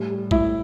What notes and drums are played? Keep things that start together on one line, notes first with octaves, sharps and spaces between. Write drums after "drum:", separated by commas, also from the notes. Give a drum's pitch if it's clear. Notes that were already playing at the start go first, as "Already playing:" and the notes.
Already playing: A2 G3
G3
A2 E4, drum: kick A#1